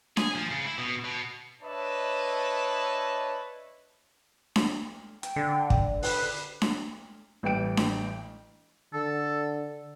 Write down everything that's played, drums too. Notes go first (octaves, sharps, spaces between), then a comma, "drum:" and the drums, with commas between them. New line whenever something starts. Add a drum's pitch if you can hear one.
G#4, drum: snare D4
F3
C#3
E4
B2
B2
D4 B4 C#5 D#5 E5 A5
drum: snare D4
G5, drum: hi-hat
D3
drum: kick
B4 F#6, drum: open hi-hat
drum: snare D4
A1 G3 G5 D7
drum: snare D4
D3 A4